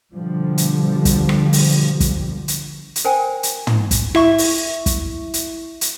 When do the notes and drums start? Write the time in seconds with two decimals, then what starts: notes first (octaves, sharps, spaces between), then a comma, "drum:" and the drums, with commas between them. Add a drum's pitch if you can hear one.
0.14 B2 D3 F3 G3
0.58 drum: hi-hat
1.05 drum: kick, hi-hat
1.29 drum: rim click
1.53 drum: open hi-hat
2.00 drum: kick, hi-hat
2.48 drum: hi-hat
2.96 drum: hi-hat
3.05 A#4 C5 G5 G#5
3.43 drum: hi-hat
3.67 drum: tom
3.91 drum: kick, hi-hat
4.15 E4 E5 C#6, drum: rim click
4.38 drum: open hi-hat
4.86 drum: kick, hi-hat
5.34 drum: hi-hat
5.81 drum: hi-hat